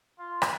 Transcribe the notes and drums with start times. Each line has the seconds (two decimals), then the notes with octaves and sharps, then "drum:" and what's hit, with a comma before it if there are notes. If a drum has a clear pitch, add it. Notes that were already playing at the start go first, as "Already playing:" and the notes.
0.19 F4
0.42 drum: rim click